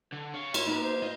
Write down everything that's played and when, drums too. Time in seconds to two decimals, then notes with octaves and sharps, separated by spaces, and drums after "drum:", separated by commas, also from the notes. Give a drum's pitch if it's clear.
0.12 D3
0.34 C#5 F5
0.54 F4 C#5 C6, drum: cymbal
0.66 F3 A#3 B3 D#4 B5
0.82 C5
1.02 F4 D#5